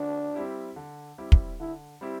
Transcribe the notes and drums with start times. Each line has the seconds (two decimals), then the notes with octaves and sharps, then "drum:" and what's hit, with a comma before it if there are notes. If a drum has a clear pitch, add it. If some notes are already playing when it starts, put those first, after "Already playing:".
Already playing: D3 D4
0.34 G3 C4 E4 G4
0.76 D3
1.18 G3 C4 E4 G4
1.32 drum: kick
1.60 D3 E4
2.01 G3 C4 E4 G4